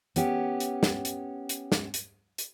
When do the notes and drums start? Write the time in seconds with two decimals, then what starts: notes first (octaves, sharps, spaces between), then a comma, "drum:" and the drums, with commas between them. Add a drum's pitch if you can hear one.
0.16 B3 C#4 G4, drum: hi-hat
0.60 drum: hi-hat
0.83 drum: snare
1.05 drum: hi-hat
1.49 drum: hi-hat
1.72 drum: snare
1.94 drum: hi-hat
2.38 drum: hi-hat